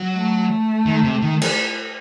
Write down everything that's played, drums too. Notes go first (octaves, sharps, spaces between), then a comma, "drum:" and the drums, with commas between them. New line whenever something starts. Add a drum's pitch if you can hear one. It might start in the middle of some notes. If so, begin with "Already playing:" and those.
Already playing: F#3
A3
D#3
C3
D#3
drum: cymbal